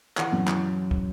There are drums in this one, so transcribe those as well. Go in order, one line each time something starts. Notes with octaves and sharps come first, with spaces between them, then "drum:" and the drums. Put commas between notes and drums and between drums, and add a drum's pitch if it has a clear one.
E3 F#5, drum: clap
F#2
E3, drum: clap
drum: kick